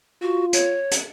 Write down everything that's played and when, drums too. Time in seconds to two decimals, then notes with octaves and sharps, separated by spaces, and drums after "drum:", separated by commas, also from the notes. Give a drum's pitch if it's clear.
0.22 F4 F#4
0.53 C#5, drum: hi-hat
0.91 drum: hi-hat